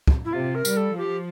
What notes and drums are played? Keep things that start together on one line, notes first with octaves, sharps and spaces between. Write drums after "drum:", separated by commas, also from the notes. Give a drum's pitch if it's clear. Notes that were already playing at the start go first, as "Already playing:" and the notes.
drum: kick
E4
C3 F4
A#4
G3, drum: tambourine
A4
F3 G4